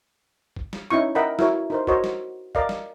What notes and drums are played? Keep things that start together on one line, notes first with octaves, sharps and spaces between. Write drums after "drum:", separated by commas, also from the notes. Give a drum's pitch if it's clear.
drum: kick F#1
drum: snare
C#4 D#4 E4 C#6
A#4 D#5 E5 F#5 G5 B5
E4 F#4 A#4 C#5, drum: snare
D#4 A#4 C5
F#4 A#4 C5 C#5 D#5, drum: kick F#1
drum: snare
A#4 D5 D#5 F5, drum: kick F#1
drum: snare